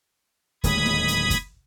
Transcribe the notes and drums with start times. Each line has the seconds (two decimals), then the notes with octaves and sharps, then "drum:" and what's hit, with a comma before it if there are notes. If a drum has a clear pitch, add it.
0.64 D1 D#2 G#3 B5 D#6 G#6, drum: kick, hi-hat
0.86 drum: snare
1.08 drum: hi-hat
1.30 drum: kick, hi-hat